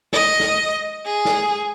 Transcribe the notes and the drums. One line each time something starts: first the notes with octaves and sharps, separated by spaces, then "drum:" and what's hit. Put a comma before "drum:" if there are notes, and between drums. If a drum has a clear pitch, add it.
D#5, drum: snare
drum: snare
G#4
drum: snare